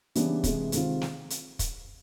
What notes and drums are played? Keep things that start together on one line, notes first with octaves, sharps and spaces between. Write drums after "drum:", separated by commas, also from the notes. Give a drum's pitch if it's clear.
C#3 E3 G3 B3 D4, drum: hi-hat
C3 E3 G#3, drum: kick, hi-hat
C3 D#3 G#3 C4 F4, drum: hi-hat
drum: snare
drum: hi-hat
drum: kick, hi-hat